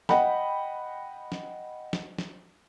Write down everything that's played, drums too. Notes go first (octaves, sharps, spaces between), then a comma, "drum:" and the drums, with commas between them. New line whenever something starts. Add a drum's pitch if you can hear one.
D#5 F#5 G5 B5, drum: snare
drum: snare
drum: snare
drum: snare